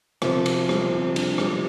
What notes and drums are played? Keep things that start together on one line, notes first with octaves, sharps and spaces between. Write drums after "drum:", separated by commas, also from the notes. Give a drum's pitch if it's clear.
C3 F3, drum: rim click
G4, drum: cymbal
G3, drum: rim click
C3
D4, drum: cymbal
G3, drum: rim click